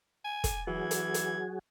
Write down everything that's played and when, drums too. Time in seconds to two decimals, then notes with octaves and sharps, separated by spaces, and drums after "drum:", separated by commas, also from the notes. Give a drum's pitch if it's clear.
0.24 G#5
0.44 drum: kick, hi-hat
0.67 E3 F#3 F#4 G#4 G#6
0.91 drum: hi-hat
1.14 drum: hi-hat